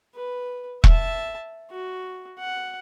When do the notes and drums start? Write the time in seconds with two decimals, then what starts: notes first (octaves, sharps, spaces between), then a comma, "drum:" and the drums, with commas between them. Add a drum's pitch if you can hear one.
0.15 B4
0.84 E5 A5, drum: kick E1
1.71 F#4
2.39 F#5